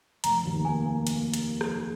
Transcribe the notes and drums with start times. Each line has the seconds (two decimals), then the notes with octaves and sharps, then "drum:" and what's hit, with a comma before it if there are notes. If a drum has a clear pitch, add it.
0.24 F1 A#5, drum: hi-hat
0.45 D#2
0.65 A#3 G#5
0.85 A#3
1.07 A#3, drum: hi-hat
1.34 drum: hi-hat
1.61 drum: rim click